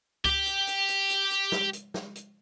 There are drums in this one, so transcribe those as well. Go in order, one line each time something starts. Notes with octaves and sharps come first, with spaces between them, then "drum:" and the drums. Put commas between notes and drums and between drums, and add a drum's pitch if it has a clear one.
G4 G5, drum: kick C#2, hi-hat
drum: hi-hat
drum: hi-hat
drum: hi-hat
drum: hi-hat
drum: hi-hat
drum: snare
drum: hi-hat
drum: snare
drum: hi-hat